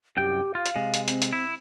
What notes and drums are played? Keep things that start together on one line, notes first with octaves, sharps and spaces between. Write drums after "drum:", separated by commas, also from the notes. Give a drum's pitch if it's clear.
C2 F#2 G4 G5
F4 F5
drum: hi-hat
C3 G#3
drum: hi-hat
C4, drum: hi-hat
drum: hi-hat
E4